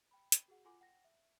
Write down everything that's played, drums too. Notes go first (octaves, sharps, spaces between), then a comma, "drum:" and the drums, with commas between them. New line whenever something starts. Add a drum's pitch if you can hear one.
G5 B5
drum: hi-hat
F#4 G#4 F#5
F4 A4 F#5 G#5 C6 D6
F#5 G5 A#6
E5